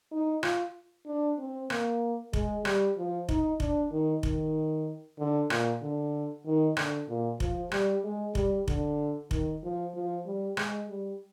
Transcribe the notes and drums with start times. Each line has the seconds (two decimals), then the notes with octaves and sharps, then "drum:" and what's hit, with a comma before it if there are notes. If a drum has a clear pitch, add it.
0.12 D#4
0.43 F4, drum: rim click
1.07 D4
1.38 C4
1.70 A#3, drum: rim click
2.33 G#3, drum: kick F1
2.65 G3, drum: rim click
2.97 F3
3.29 D#4, drum: kick F1
3.60 D4, drum: kick F1
3.91 D#3
4.23 D#3, drum: kick F1
5.19 D3
5.50 A#2, drum: rim click
5.82 D3
6.46 D#3
6.77 D3, drum: rim click
7.08 A#2
7.40 F3, drum: kick F1
7.71 G3, drum: rim click
8.04 G#3
8.35 G3, drum: kick F1
8.68 D3, drum: kick F1
9.31 D#3, drum: kick F1
9.63 F3
9.94 F3
10.26 G3
10.57 G#3, drum: rim click
10.88 G3